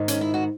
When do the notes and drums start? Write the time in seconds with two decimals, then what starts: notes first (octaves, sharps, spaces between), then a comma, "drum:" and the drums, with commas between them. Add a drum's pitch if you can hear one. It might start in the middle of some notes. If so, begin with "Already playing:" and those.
Already playing: G#2 D#3
0.08 C#4, drum: hi-hat
0.21 E4
0.34 F#4